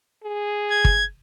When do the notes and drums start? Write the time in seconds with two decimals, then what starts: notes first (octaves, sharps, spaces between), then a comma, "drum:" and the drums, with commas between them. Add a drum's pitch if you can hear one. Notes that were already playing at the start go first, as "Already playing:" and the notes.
0.24 G#4
0.71 G#6
0.85 drum: kick G1